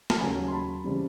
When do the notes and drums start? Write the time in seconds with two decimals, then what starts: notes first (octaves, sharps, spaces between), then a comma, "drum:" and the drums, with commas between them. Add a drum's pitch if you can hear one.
0.10 A5, drum: snare
0.21 D#2 C#3 F#3 A#3 G#5 A#5
0.48 C6
0.52 A5 B5
0.84 C#3 E3 G3 C4